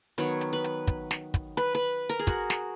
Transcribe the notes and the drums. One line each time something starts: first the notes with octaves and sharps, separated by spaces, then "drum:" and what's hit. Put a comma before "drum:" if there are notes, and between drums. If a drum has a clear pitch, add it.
D#3 F#3 B3 C#5, drum: hi-hat
drum: hi-hat
B4
drum: hi-hat
drum: kick, hi-hat
drum: snare
drum: kick, hi-hat
B4, drum: hi-hat
B4
A#4
G#4
F#4, drum: kick, hi-hat
drum: snare